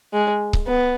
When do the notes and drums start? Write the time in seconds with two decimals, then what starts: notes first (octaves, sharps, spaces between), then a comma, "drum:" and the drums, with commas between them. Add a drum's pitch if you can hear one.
0.13 G#3
0.53 drum: kick C#1
0.67 B3